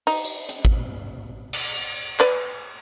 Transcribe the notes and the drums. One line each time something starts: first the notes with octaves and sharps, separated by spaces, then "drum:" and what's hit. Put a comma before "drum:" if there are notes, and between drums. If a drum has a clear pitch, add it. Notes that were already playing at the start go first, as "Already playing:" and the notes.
D#4, drum: open hi-hat
drum: tambourine
drum: hi-hat
drum: kick
drum: cymbal
B4 D5, drum: clap